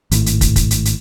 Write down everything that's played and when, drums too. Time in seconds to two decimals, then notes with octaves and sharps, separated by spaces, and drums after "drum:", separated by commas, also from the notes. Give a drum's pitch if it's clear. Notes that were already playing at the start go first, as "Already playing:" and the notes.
0.11 G#1 A2, drum: hi-hat
0.26 drum: hi-hat
0.41 drum: kick, hi-hat
0.56 drum: kick, hi-hat
0.71 drum: hi-hat
0.85 drum: hi-hat